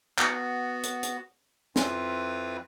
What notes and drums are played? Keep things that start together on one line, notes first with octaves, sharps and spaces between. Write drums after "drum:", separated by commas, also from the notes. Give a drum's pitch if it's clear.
B3 F#4, drum: clap
drum: hi-hat
drum: hi-hat
F2 C4 E4 F4 B4, drum: snare